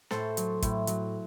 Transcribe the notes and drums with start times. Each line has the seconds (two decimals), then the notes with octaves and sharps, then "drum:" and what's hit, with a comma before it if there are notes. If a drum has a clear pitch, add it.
0.11 A2 A4 C5, drum: snare
0.37 F#3, drum: hi-hat
0.62 A2, drum: kick, hi-hat
0.87 F#3, drum: hi-hat